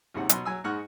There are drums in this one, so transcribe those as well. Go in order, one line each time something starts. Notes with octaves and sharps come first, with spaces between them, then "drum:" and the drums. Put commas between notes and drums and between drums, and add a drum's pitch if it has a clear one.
D#2 G#2 C3 F#5
B2 F#3 C6, drum: hi-hat
F#3 G#5 E6
G#2 G#3 F#5 C#6 F6 F#6